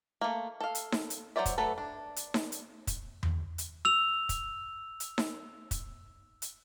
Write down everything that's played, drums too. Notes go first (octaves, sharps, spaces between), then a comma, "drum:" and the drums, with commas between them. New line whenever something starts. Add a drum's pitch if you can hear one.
A3 A#3
A4 F5
drum: hi-hat
drum: snare D#4
drum: hi-hat
F#3 A#4 C5 D5 E5
drum: kick, hi-hat
F#3 A3 A4 B4
D4
drum: hi-hat
drum: snare D#4
drum: hi-hat
drum: kick, hi-hat
drum: tom E2
drum: hi-hat
E6 F7
drum: kick, hi-hat
drum: hi-hat
drum: snare D#4
drum: kick, hi-hat
drum: hi-hat